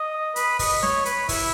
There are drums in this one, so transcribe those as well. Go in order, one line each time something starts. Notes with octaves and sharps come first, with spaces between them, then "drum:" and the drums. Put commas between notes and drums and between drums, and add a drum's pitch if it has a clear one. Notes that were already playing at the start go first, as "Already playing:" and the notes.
Already playing: D#5
B4, drum: hi-hat
D#5, drum: kick, open hi-hat
C#5, drum: snare
B4, drum: hi-hat
E4, drum: kick, open hi-hat